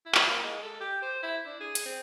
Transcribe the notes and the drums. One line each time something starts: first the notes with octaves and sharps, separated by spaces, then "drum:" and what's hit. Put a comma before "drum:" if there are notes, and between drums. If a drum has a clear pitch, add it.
E4
drum: clap
A#3
G#3
A4
G4
C5
E4
D4
G#4
drum: hi-hat
C4